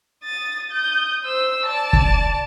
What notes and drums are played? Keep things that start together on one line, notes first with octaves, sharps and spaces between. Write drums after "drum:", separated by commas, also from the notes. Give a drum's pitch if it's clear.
D#6 A6
D#6 G6
C5 E6
D5 A5
drum: kick